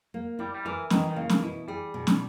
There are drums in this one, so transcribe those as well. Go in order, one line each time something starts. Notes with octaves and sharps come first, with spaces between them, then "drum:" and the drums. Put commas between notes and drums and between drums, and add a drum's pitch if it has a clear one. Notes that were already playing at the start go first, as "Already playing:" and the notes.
A#3
G3 E4
G3
E3 A#4
D#3 E3, drum: snare
D#3
C#3 A#3
drum: snare
B2 E4
G3 G#4
B2
drum: snare